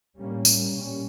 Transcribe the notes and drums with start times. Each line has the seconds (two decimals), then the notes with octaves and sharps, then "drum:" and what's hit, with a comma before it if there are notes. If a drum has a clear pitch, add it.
0.19 A2 G3 A#3 C#4
0.45 drum: tambourine
0.71 A#2 G3 C#4